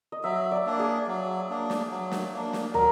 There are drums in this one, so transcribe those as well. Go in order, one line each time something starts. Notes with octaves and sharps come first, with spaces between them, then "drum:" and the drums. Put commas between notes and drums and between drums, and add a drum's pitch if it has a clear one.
D#5
F#3 E5
D5
A#3 D4
G#4
F#3
A#3 D4
drum: snare
F#3
drum: snare
A#3 D4
drum: snare
F#3 A#4, drum: tom